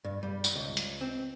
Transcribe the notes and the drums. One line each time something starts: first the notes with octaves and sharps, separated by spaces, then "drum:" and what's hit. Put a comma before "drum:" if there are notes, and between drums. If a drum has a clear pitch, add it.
G2
G3
drum: tambourine
C#2
drum: hi-hat
C4